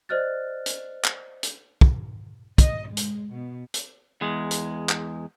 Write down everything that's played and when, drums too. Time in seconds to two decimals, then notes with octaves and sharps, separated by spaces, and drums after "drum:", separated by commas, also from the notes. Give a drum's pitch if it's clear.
0.09 C5 D5 D#5 F6 F#6 A6
0.66 drum: hi-hat
1.04 drum: clap
1.43 drum: hi-hat
1.81 drum: kick
2.58 D#5, drum: kick, hi-hat
2.88 G#3
2.97 drum: hi-hat
3.31 B2
3.74 drum: hi-hat
4.21 E2 G#3
4.51 drum: hi-hat
4.89 drum: clap